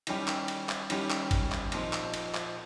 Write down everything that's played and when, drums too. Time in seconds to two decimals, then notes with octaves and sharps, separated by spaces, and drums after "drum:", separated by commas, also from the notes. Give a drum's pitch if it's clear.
0.07 D#3 G3 C#4 G4, drum: cymbal
0.28 drum: clap
0.48 drum: cymbal
0.69 drum: clap
0.90 D#3 G3 C#4 G4, drum: cymbal
1.10 drum: clap
1.31 drum: kick G#1, cymbal
1.52 drum: clap
1.72 A#2 F3 C4 D#4, drum: cymbal
1.93 drum: clap
2.14 drum: cymbal
2.34 drum: clap